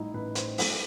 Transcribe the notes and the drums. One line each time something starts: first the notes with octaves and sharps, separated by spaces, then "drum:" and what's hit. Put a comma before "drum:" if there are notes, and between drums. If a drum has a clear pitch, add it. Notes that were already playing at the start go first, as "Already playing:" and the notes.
Already playing: A1 A2 G3 D#4 E4
A1 B4
C5, drum: hi-hat
A2 G3 A4, drum: open hi-hat